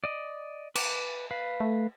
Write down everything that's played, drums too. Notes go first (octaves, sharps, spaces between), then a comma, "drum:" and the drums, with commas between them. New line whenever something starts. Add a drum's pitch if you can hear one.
D5 D#5
B4 D6, drum: cymbal
B4 F5
A3